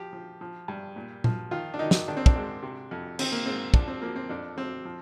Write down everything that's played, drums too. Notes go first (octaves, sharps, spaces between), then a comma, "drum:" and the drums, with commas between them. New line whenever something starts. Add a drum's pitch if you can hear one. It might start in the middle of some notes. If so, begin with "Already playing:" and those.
Already playing: F3 G4
F3
F3
G2
A#2
F3, drum: tom A#2
D#3 F4
D4
D#3 D#4
drum: snare
D#3 D4
C4
D4, drum: kick
G#2
C3
F2
D#3 C4, drum: cymbal
A#3
G#2 C4
F3 D4, drum: kick
C4
F3 A#3
C4
F2 D4
F2 C4
F3